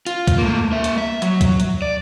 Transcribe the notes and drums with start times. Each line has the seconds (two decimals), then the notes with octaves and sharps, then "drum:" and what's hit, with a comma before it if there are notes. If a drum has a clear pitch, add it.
0.06 F4, drum: hi-hat
0.28 drum: kick, hi-hat
0.38 A3 A#3
0.72 A#3 E5
0.84 drum: hi-hat
0.98 E5
1.22 F#3, drum: hi-hat
1.41 drum: kick, hi-hat
1.60 drum: hi-hat
1.82 D5